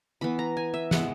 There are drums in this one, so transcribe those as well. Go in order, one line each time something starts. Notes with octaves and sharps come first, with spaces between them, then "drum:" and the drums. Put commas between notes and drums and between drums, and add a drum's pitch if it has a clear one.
E3 B3 B5
A#5
G#5
E5
E3 G#3 B3 F#5, drum: snare